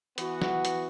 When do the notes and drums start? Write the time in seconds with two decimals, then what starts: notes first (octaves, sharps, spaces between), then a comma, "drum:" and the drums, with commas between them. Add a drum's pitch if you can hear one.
0.18 E3 B3 F#4, drum: hi-hat
0.42 drum: snare
0.65 drum: hi-hat